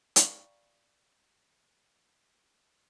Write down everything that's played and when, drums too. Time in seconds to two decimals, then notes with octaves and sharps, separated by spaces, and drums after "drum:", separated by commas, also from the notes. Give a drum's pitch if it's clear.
0.16 D5 F5 G5 A#5 B5 C#6, drum: hi-hat